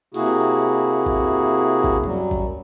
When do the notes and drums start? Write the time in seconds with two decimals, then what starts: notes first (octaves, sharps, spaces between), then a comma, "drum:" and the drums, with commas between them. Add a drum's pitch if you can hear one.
0.14 C3 A#3 E4 F#4 G#4, drum: cymbal
1.06 drum: kick G#1
1.84 drum: kick G#1
2.04 F#2 F#3 G3, drum: tom G2
2.31 drum: kick G#1